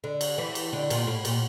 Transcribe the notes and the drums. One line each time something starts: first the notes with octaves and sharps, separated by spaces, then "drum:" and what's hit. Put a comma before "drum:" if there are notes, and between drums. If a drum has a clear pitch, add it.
D3
drum: cymbal
E3
drum: cymbal
D3
A#2, drum: cymbal
A2
A#2, drum: cymbal